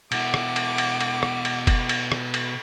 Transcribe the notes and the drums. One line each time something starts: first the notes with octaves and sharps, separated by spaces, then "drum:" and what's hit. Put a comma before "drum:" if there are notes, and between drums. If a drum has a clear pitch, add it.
B2 E4 F#5 D6, drum: cymbal
drum: rim click
drum: cymbal
drum: cymbal
drum: cymbal
drum: rim click
drum: cymbal
drum: kick F#1, cymbal
drum: cymbal
drum: rim click
drum: cymbal